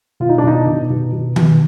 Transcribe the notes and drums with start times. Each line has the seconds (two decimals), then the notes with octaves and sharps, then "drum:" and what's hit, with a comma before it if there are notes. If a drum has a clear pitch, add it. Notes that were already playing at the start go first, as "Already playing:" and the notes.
0.20 B2 F4
0.29 D#4
0.38 D4
0.44 B2 D#4
0.67 B2
0.90 B2
1.13 B2
1.36 B2, drum: tom D#3